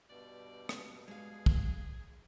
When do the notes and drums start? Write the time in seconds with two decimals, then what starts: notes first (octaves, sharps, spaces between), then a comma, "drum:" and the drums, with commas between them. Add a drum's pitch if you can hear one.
0.09 G2 B2 D5
0.69 drum: rim click
1.08 G#3 G#4 F5
1.46 drum: kick